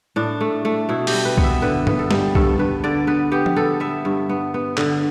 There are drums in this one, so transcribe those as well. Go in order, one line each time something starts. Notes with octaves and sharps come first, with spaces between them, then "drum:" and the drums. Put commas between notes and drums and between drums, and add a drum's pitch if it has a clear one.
A2 D4
A3
A3
B2 E4
G4, drum: open hi-hat
G3
B4
B3, drum: kick
E5
D3 B4
B3, drum: tom G2
A4
G3, drum: snare
G2 A4, drum: kick
G2 B4
D3 D5
B3 B4
B3 G4
drum: tom F3
B3 A4
B3 E5
G2
B3
B3
D3, drum: clap